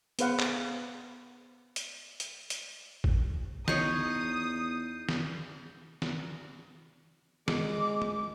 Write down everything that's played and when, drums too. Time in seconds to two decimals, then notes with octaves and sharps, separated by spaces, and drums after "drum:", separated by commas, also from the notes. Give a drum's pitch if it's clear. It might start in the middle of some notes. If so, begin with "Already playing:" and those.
0.19 B3 G#4 B4 C5 F5 F#5, drum: hi-hat
0.39 drum: clap
1.76 drum: hi-hat
2.20 drum: hi-hat
2.50 drum: hi-hat
3.04 drum: kick
3.68 E2 D#4 C#5 D#6 G6 C7 C#7, drum: snare
5.09 drum: snare
6.02 drum: snare
7.48 G#3 D6, drum: snare
8.02 drum: tom